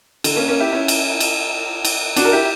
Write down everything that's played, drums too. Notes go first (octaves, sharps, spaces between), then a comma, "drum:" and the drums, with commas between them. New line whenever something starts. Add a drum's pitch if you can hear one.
D3, drum: cymbal
A#3 C#4
A#3 C#4
E4 G4
C#4 E4
drum: cymbal
drum: cymbal
drum: cymbal
D4 F#4, drum: cymbal
A#4
E4 G4